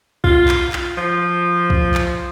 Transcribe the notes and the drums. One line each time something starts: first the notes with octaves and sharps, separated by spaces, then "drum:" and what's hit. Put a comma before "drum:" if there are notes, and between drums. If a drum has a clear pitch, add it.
F4, drum: kick
drum: clap
drum: clap
F3
drum: kick
drum: clap